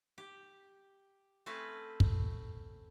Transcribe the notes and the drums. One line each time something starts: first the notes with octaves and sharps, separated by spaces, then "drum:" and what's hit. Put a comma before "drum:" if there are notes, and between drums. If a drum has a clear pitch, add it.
G4
A3 C4 C#4 B4
drum: kick